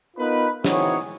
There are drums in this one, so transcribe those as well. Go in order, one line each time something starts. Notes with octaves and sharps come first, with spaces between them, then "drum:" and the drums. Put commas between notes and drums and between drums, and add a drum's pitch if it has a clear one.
B3 D#4 F4 A#4 B4
E3 C4 D#4 F#4 G#4 C#5, drum: snare